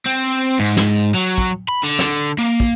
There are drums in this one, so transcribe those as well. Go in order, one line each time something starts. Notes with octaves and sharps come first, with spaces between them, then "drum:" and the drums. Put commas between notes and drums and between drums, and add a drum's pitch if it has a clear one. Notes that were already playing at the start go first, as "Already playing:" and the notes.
C4
G#2
drum: snare
F#3
drum: kick
B5
D3
drum: snare
A#3
drum: kick